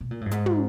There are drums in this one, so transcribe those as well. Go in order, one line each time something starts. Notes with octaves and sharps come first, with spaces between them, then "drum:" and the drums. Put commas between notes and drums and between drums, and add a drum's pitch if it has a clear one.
B2
A#2
A2
G2
G#2, drum: hi-hat
drum: tom